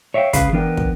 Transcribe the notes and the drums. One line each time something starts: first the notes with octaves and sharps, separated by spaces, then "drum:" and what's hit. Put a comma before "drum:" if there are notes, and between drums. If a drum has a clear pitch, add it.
C#5 E5 F5 G5
C#2 C#3 G#4 B4 F5 B5, drum: kick, hi-hat
E3 B3 D4 A#4 G5
drum: kick